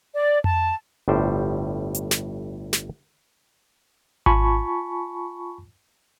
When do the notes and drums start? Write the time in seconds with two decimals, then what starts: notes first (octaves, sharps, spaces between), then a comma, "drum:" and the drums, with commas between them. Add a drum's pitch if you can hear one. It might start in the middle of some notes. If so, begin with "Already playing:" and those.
0.14 D5
0.44 A5, drum: tom F2
1.08 G1 A2 G3 C5 G5
1.95 drum: hi-hat
2.11 drum: snare
2.73 drum: snare
4.26 F4 G#5 A5 B5 C#6, drum: kick G#1